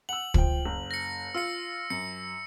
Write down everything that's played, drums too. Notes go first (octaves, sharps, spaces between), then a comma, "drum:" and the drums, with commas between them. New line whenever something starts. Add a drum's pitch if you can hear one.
F#5 E6 F#7
F3 G5, drum: kick
F#1
A#6 C#7
F4 E6 C#7
F#2 C#7